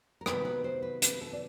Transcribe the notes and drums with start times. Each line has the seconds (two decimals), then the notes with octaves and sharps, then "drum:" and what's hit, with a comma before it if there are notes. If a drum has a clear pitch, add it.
0.21 A#4
0.26 C3 D#3 F#3 B3 B4, drum: rim click
0.45 B4
0.64 C5
0.82 B4
1.02 B4, drum: hi-hat
1.21 A4
1.33 D5